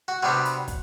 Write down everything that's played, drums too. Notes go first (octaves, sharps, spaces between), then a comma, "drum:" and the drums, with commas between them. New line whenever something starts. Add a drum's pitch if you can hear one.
F#4
C3 G3 B3 D4 F#4
drum: hi-hat
drum: kick, hi-hat